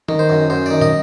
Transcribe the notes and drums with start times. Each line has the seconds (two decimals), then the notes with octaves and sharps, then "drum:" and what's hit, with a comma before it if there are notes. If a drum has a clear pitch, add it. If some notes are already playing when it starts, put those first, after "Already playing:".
0.09 D#3, drum: tom
0.19 C5
0.29 F#2
0.50 F#2 C5
0.66 D#3 D5
0.81 D#5, drum: tom